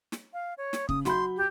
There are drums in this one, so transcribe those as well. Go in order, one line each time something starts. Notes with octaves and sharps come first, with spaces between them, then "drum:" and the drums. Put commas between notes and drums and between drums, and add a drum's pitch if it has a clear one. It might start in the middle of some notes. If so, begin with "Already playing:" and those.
drum: snare
F5
C#5
drum: snare
C#3 D#6, drum: kick
F#3 B5 C6 G6, drum: snare
G4